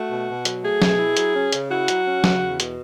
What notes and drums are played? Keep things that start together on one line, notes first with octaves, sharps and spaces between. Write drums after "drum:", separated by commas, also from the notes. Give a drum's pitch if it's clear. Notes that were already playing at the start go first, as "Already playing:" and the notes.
Already playing: A3 F#4
B2
B2
F#3, drum: hi-hat
A3 G#4
B2, drum: snare F#3
E4
F#3, drum: hi-hat
C#4
C#3, drum: hi-hat
E4 F#4
F#3, drum: hi-hat
C#4
C#3, drum: snare F#3
E2
B2, drum: hi-hat